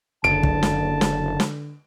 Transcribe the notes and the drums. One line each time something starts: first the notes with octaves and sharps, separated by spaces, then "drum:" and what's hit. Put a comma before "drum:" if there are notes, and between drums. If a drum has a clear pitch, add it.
F#1 D3 A5 D7
drum: kick
drum: snare
drum: snare
drum: snare